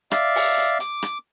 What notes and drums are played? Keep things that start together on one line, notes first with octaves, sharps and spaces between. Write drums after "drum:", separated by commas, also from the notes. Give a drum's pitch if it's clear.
D5 E5 F5, drum: rim click
drum: open hi-hat
drum: hi-hat
D6, drum: hi-hat
drum: rim click